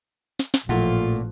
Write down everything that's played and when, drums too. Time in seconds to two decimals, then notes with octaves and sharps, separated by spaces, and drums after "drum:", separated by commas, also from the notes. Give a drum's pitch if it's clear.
0.39 drum: snare
0.54 drum: snare
0.69 A1 A#2 F3 A3 F4 F#5, drum: open hi-hat